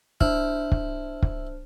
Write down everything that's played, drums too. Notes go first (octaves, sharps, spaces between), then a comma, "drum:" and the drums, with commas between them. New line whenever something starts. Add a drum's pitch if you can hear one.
D4 E4 C5 F6, drum: kick
drum: kick
drum: kick